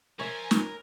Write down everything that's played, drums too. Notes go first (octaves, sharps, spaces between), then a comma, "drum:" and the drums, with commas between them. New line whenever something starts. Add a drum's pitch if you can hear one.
F3 A#4 C#5 E5 G#5
drum: snare